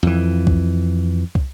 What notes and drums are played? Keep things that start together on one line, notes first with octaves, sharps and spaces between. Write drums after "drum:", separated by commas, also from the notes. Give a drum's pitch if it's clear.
F2 E3
drum: kick
drum: kick